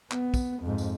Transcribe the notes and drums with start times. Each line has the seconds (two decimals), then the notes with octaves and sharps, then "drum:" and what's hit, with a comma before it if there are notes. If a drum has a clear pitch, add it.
0.11 B3, drum: clap
0.34 drum: kick, tambourine
0.63 F2 G#2
0.78 drum: tambourine